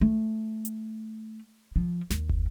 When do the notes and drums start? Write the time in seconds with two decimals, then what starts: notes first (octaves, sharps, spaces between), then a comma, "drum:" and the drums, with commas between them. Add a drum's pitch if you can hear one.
0.01 A3
0.65 drum: hi-hat
1.76 F3
2.10 D#2, drum: snare
2.29 drum: kick